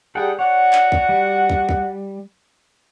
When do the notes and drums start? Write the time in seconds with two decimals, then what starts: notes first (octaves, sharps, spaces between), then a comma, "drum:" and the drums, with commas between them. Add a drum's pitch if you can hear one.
0.15 G3 G#4 A4 F#5 G5
0.39 F#4 C#5 D5 F#5
0.73 drum: clap
0.92 drum: kick
1.09 G3
1.49 drum: kick
1.69 drum: kick